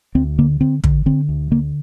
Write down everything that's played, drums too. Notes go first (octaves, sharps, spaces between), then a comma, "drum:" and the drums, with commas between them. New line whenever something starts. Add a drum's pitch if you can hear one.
D2 C4
D3 A#3
D3 C4
D3, drum: kick
D3 C4
D2
D3 A#3